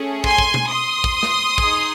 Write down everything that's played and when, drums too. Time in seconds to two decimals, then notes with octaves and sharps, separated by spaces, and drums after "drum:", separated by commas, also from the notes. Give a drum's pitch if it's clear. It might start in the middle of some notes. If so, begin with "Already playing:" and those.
Already playing: A3 C#4 G#4
0.24 G#5 C6, drum: kick
0.38 drum: kick
0.54 drum: tom B2
0.69 C6 D#6
1.04 drum: kick
1.23 drum: snare
1.58 D#4 G#4, drum: kick